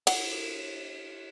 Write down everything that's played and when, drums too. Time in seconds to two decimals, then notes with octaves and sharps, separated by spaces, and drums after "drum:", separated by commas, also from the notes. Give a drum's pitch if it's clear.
0.07 F#5, drum: cymbal